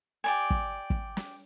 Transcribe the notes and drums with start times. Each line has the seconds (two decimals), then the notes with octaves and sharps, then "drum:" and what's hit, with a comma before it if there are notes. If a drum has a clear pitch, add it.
0.24 G4 D5 G#5
0.50 drum: kick
0.90 drum: kick
1.17 drum: snare